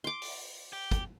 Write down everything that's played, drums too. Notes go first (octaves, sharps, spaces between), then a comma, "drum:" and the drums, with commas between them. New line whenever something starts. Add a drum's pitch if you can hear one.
C6 D6
drum: open hi-hat
G4
drum: kick, hi-hat